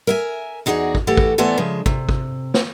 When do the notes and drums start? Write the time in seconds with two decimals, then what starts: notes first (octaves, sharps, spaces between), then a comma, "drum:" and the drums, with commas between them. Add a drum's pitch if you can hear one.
0.07 A#4 E5 G#5
0.66 E2 D#4 F#4 G#4 D5
0.95 drum: kick
1.07 E3 A3 E4 F#4 G4 A4
1.17 drum: kick
1.38 E3 A3 B3 C5 D5 G#5
1.57 C#3 F3 G#3 E5
1.86 C3, drum: kick
2.09 drum: kick
2.54 drum: snare